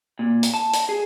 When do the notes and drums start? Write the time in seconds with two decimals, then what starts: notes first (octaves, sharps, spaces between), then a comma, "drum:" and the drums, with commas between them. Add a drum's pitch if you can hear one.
0.19 A#2
0.43 drum: hi-hat
0.54 A5
0.74 drum: hi-hat
0.89 G#4